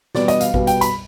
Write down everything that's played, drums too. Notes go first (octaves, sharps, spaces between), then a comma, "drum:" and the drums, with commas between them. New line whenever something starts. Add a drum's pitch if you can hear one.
B2 G3 B3 D5, drum: snare
D#5, drum: hi-hat
F5, drum: hi-hat
B2 G3 B3 F5, drum: kick A1
G5, drum: hi-hat
B5, drum: hi-hat